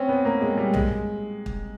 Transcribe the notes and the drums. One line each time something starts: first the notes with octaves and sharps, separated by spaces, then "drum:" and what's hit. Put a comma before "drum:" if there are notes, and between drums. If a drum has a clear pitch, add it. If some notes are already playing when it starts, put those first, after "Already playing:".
Already playing: C4 C#4
B3
A#3
G#3
G3
G#3, drum: tom B1
drum: kick